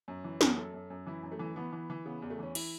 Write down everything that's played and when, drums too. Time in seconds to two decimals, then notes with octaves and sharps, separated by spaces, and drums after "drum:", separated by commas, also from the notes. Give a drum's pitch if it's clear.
0.08 F#2 C#4
0.24 E3
0.41 F#2, drum: snare
0.57 F#2 A4
0.74 F#2
0.90 F#2
1.06 E3 E4
1.23 F#2
1.32 A3
1.39 E3
1.56 E3 B3
1.72 E3
1.90 E3
2.05 C#3 B3
2.22 E2
2.30 A3
2.39 E3 C#4
2.55 E4, drum: cymbal